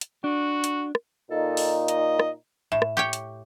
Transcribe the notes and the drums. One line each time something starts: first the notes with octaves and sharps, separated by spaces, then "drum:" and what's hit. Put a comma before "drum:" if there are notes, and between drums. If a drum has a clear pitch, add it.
drum: hi-hat
D4 F#4
drum: hi-hat
drum: rim click
A#2 D#4 A4
drum: open hi-hat
D#5, drum: hi-hat
drum: rim click
A2 E5
drum: rim click
G4 C#5 G5
drum: hi-hat